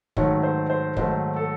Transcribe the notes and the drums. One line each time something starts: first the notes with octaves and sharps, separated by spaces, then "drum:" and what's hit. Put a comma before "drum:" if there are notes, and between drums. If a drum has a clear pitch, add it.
G#2 D#3 F#3 A3 C#5, drum: kick
C5
C5
G#2 D#3 F#3 A3 C5, drum: kick
A4